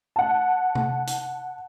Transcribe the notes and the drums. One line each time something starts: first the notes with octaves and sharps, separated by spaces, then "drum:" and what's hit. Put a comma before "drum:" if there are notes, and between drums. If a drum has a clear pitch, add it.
F#5 A5
drum: tom C3
drum: hi-hat